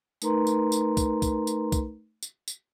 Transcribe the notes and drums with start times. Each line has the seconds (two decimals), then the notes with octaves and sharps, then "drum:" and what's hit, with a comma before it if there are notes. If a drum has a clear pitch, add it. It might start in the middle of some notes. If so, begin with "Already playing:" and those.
0.22 A3 D#4 A#4 B4 A#5 C6, drum: tambourine
0.47 drum: tambourine
0.72 drum: tambourine
0.97 drum: kick, tambourine
1.22 drum: kick, tambourine
1.47 drum: tambourine
1.72 drum: kick, tambourine
2.23 drum: tambourine
2.48 drum: tambourine